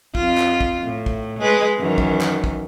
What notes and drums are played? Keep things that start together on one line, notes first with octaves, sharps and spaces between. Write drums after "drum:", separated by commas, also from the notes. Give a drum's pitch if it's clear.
F2 F4, drum: kick
drum: clap
drum: kick
A2
drum: kick
G#3 B4
F#2 D#3 E3
drum: kick
drum: clap
drum: kick